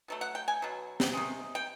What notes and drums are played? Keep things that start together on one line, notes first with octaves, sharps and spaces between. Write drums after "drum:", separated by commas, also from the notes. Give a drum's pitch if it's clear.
B2 F#3 A3
F#5
G5
G#5
B2 F#3
drum: snare
C3 D#3 G#3
G5